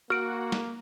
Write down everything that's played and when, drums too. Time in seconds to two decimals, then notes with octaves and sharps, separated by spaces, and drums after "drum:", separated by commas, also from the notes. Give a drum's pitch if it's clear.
0.10 A#3 F#4 F6 D7
0.52 drum: snare